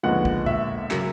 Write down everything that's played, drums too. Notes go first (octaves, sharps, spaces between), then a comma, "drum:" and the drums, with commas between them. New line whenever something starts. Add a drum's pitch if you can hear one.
D#2 D3 F3 G#3 B3 F#5
drum: kick
E5, drum: tom A#2
C#3 F#3 A#3, drum: clap